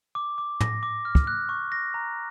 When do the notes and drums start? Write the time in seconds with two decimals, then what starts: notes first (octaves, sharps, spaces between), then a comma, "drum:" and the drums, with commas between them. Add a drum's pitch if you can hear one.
0.15 D6
0.38 D6
0.61 A#6, drum: tom
0.83 D6
1.05 F6
1.15 drum: kick
1.27 F#6
1.49 C#6
1.72 A#6
1.94 A#5